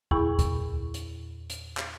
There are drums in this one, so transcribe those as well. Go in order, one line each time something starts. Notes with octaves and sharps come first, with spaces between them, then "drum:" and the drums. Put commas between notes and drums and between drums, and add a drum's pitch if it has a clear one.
E2 A#2 E4 G#4 B5 C#6, drum: kick
drum: kick, hi-hat
drum: hi-hat
drum: hi-hat
drum: clap